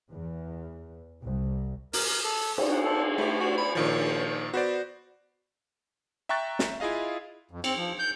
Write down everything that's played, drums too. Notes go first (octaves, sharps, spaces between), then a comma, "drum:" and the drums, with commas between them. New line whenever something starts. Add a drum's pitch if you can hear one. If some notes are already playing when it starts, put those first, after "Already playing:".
E2
C2
A#4, drum: open hi-hat
A#4
A4
drum: cymbal
F#5
A4
A3 E4 G4
F#4
B5
A#2 D#3 F3 C#5
B3 F#4 C5 D5
E5 G5 A#5 C#6 F#6 A6
drum: snare
E4 F4 G#4 D#5 F5
F2
C4, drum: cymbal
F3
G6